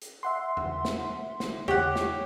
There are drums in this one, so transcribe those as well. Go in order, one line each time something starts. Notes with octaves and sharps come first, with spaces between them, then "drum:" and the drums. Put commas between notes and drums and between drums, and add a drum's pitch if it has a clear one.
drum: hi-hat
E5 F#5 C6
drum: tom E2
drum: snare
drum: snare
G4 C#5 F#5, drum: tom E2
drum: snare